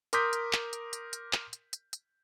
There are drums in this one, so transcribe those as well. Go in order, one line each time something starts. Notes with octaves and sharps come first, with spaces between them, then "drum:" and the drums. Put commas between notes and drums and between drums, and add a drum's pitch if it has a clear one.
A#4 C6 D6 D#6 G6 B6, drum: hi-hat
drum: hi-hat
drum: clap
drum: hi-hat
drum: hi-hat
drum: hi-hat
drum: clap
drum: hi-hat
drum: hi-hat
drum: hi-hat